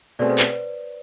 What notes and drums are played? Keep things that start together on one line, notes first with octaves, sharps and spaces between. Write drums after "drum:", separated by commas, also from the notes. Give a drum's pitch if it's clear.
B2 A3 C4 G#4 D5
C5
B4, drum: clap